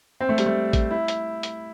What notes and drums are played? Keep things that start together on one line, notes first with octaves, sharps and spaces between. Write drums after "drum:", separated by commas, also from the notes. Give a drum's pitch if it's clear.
C4
A3
G3, drum: hi-hat
A3
drum: kick A1, hi-hat
E4
drum: hi-hat
drum: hi-hat